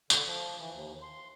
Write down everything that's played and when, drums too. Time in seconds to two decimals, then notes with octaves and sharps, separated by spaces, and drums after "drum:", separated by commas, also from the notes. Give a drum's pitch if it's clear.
0.10 D3, drum: tambourine
0.25 F3
0.57 E3
0.71 D#2
1.03 C6